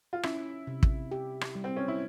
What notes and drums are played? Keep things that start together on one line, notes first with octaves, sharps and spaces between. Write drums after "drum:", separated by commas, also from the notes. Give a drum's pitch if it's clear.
F4
C#4 E4, drum: rim click
C3
drum: kick
G4
drum: rim click
G3
C4
C#4
E4